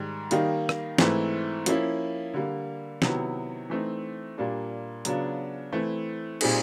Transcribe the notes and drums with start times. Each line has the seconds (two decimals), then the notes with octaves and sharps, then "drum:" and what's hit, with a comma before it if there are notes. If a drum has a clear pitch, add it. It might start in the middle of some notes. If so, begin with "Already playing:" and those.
Already playing: G#2 D#3 G3
0.31 D#3 G3 A#3 D#4, drum: hi-hat
0.69 drum: rim click
0.98 G#2 E3 A3 C4 E4, drum: snare
1.66 F3 A#3 C#4 E4, drum: hi-hat
2.34 D3 G3 A#3
3.02 C3 D#3 F#3 B3 E4, drum: snare
3.70 E3 A3 C4 D#4
4.38 A#2 G3 A#3 D4
5.05 C#3 F#3 B3 D4 F4, drum: hi-hat
5.72 E3 A3 C4 E4
6.41 A#2 G3 C4 D#4 G#4, drum: cymbal